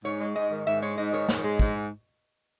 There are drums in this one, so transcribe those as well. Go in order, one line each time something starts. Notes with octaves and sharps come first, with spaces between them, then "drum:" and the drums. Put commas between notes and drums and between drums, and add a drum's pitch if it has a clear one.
G#2 C#5
G#3
G#2 D#5
D#3
G#2 E5
G#3 C#5
G#2 D#5
D#3 C#5
G#2, drum: snare
G#3
G#2, drum: kick